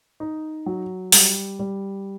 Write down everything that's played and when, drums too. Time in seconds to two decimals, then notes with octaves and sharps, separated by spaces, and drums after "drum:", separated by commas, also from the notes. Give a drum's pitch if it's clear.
0.20 D#4
0.66 F#3
1.12 G3, drum: open hi-hat
1.59 G3